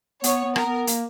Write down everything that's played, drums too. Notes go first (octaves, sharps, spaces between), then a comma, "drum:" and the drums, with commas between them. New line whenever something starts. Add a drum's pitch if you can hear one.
B3 C#5, drum: hi-hat
B3
A#4, drum: rim click
B3
A#3, drum: hi-hat